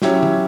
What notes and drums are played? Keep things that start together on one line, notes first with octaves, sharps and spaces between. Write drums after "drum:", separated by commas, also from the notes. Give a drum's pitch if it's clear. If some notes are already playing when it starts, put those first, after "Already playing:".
F#3 C#4 E4 G4 C#5, drum: snare
drum: tom